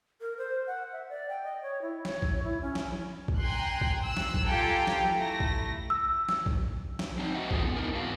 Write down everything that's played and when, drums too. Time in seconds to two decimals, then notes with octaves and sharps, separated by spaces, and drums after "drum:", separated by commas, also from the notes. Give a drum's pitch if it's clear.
0.21 A#4
0.38 C5
0.67 F#5
0.93 E5
1.09 D5
1.29 G5
1.44 D#5
1.62 C#5
1.82 E4
2.05 C#5, drum: snare
2.22 drum: kick A#1
2.43 E4
2.62 C#4
2.75 drum: snare
3.28 drum: kick A#1
3.40 G5 G#5 A#5 C6 F#6
3.81 drum: kick A#1
4.02 E6 F#6
4.17 drum: snare
4.34 drum: kick A#1
4.46 F4 G4 A4 G5 G#5 A#5
4.87 drum: snare
5.16 A3 E4 A#6
5.40 drum: kick A#1
5.90 E6
6.29 drum: snare
6.46 drum: kick A#1
6.99 drum: snare
7.19 C4 D#4
7.35 F#4 C5 D#5 E5 F#5
7.51 E3 F4 G#4 A4 G#5, drum: kick A#1
7.63 B3 C4
7.76 C4 D#4 E4 G#4 A#4
7.95 G#2 E3 B3 F#4 F5 A5